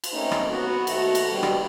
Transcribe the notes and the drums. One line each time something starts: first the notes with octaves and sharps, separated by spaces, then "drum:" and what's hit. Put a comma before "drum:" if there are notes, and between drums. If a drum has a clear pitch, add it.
drum: cymbal
A3 A#3 C4 C#4 D#4
drum: rim click
B3 F#4
D#2 A3 F#4, drum: cymbal
drum: cymbal
G2 B2 G3
drum: rim click